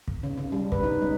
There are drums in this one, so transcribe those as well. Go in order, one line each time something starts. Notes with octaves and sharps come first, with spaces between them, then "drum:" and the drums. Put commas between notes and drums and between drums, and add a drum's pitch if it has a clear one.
drum: kick
C#3
C#3
G3
B4, drum: kick
D#4
G#3